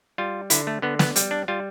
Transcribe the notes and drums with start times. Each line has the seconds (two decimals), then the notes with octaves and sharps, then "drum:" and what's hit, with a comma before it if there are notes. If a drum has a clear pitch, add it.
0.18 G3 F4
0.50 D3 E4, drum: hi-hat
0.67 A3
0.82 D3 B3
0.99 B3, drum: snare
1.16 G3, drum: hi-hat
1.31 D4
1.48 G3 F4